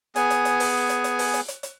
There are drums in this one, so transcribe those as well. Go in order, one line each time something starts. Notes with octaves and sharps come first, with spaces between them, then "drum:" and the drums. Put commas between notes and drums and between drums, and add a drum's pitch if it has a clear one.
B3 G#4 G#5, drum: hi-hat
drum: hi-hat
drum: hi-hat
drum: open hi-hat
drum: hi-hat
drum: hi-hat
drum: open hi-hat
drum: hi-hat
drum: hi-hat
drum: hi-hat